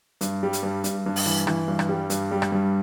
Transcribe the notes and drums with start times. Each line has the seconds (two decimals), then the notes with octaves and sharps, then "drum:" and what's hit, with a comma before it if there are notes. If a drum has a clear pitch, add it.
0.21 G2, drum: hi-hat
0.43 G3
0.53 drum: hi-hat
0.63 G2
0.84 G2, drum: hi-hat
1.06 G2
1.16 drum: open hi-hat
1.26 E3
1.47 E3, drum: rim click
1.68 G2
1.79 drum: rim click
1.89 G3
2.10 G2, drum: hi-hat
2.31 G3
2.42 drum: rim click
2.52 G2